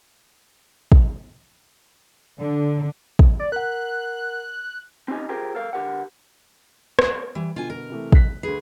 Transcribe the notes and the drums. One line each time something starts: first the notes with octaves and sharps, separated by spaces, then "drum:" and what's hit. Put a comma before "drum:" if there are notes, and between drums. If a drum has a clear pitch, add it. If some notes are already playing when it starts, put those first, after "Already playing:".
drum: kick
D3
drum: kick
D5
A#4 F#5 F#6
C4 C#4 D#4 G4 D#5 G#5
F4 G4 G#4 A#4 C5 G5
A4 A#4 F5
D3 G4 A#4 F#5
drum: rim click
E3 G3
B2 D3 F4 G#5
A#4
C3 E3 A3
F#6 B6, drum: kick
D2 G#4 B4